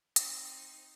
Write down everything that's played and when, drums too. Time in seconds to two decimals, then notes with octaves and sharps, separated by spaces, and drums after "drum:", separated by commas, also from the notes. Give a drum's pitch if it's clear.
0.16 C4 D#4, drum: hi-hat